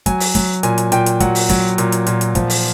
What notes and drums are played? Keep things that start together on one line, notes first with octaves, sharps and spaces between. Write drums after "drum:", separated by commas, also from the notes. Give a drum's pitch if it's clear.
F#3 G#5, drum: kick, hi-hat
drum: open hi-hat
F#3, drum: kick, hi-hat
A#2 G#5, drum: hi-hat
drum: hi-hat
A#2 G5, drum: hi-hat
drum: hi-hat
F#3 F#5, drum: kick, hi-hat
drum: open hi-hat
F#3, drum: kick, hi-hat
A#2, drum: hi-hat
drum: hi-hat
A#2, drum: hi-hat
drum: hi-hat
F3, drum: kick, hi-hat
drum: open hi-hat